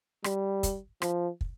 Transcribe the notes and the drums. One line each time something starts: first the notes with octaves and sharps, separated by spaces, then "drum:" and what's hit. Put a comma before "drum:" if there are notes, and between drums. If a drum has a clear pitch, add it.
G3, drum: rim click
drum: kick, hi-hat
F3, drum: rim click
drum: kick